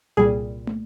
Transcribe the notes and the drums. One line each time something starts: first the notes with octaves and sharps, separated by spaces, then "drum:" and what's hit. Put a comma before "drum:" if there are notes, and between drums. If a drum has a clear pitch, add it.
C2 A#2 G3 G#4
drum: tom